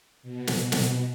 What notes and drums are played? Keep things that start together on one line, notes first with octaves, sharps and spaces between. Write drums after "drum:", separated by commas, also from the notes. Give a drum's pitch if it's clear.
B2
drum: snare
drum: snare